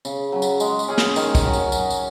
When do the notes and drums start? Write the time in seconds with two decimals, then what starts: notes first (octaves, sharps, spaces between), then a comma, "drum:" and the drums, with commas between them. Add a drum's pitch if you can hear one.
0.05 C#3, drum: tambourine
0.32 F#3 C#4
0.42 drum: tambourine
0.60 G#3, drum: tambourine
0.79 drum: tambourine
0.88 C#4 G#4
0.98 drum: snare
1.16 D#3, drum: tambourine
1.35 drum: kick, tambourine
1.44 F#3 C#4 F#4
1.53 drum: tambourine
1.72 F#3, drum: tambourine
1.90 drum: tambourine